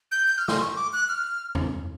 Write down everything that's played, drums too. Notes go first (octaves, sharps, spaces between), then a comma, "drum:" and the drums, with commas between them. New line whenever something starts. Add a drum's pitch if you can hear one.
G6
G6
F6
C6, drum: snare
C#6
D6
F#6
F6
drum: tom E2